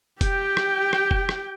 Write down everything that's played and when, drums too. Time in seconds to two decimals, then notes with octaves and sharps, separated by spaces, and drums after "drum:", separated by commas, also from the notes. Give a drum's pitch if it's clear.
0.21 G4 G5, drum: kick F1, hi-hat
0.57 drum: rim click
0.93 drum: rim click
1.11 drum: kick F1
1.29 drum: rim click